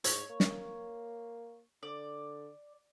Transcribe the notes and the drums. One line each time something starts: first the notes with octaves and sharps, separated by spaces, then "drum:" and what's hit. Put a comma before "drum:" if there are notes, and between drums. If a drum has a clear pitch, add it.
G#2 C#5, drum: hi-hat
A#3
drum: snare
D3 D5